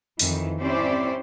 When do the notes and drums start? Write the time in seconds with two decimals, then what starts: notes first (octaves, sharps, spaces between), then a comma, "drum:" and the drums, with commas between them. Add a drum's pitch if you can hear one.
0.19 F2 D#3 E3, drum: open hi-hat
0.60 C4 C#4 E4 G4 C5 D5